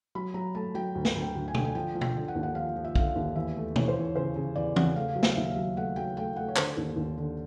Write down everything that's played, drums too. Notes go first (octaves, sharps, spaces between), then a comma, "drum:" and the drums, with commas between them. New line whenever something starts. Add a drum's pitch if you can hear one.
F#3 B5
F#3 A#5
A3 A5
F#3 G5
D2
drum: snare
D2
G5
D2
G#5
D3 G5, drum: tom
G#5
F3 G5
F3
G5, drum: tom B2
D3
F#5
D#2
F#5
F3 F5
F3
E5
D3 F5, drum: kick
D#2
E2 E5
A3
E3 C#5, drum: tom
C5
E3 C#5
C#3 C5
C#3
E2 D5
C#3 F#5, drum: tom E3
A3 F5
F#3
E5, drum: snare
F5
D#2 E5
F5
F#3
A3 F#5
F#3 G5
A3 G5
A3 F#5
C#5
D3 C5, drum: clap
D#2
D#2
D3